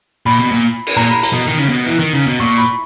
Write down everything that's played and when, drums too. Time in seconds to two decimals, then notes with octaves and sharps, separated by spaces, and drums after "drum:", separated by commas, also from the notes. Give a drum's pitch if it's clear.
0.26 A#2 B5
0.39 B2
0.52 A#2
0.87 drum: cymbal
0.97 A#2 A#5
1.10 B5
1.23 A#5, drum: hi-hat
1.33 B2
1.47 D#3
1.58 C#3
1.69 B2
1.86 E3
1.99 D#3
2.13 C#3
2.26 B2
2.40 A#2 C#6
2.58 B5